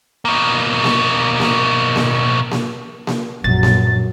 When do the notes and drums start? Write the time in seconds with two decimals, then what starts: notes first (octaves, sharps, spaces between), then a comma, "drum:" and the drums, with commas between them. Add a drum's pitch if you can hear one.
0.25 B2 A#3
0.84 drum: snare A#3
1.40 drum: snare A#3
1.96 drum: snare A#3
2.51 drum: snare A#3
3.07 drum: snare A#3
3.44 A#1 F#2 A6
3.63 drum: snare A#3